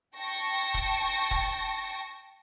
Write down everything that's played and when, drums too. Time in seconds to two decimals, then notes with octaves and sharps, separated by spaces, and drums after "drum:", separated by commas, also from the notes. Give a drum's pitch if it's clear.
0.18 G5 A5 C#6 A#6
0.74 drum: kick
1.31 drum: kick